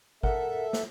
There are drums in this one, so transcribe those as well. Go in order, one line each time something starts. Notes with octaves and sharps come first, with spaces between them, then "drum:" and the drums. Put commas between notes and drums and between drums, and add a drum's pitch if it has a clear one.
A4 A#4 E5 F#5, drum: kick G#1
drum: snare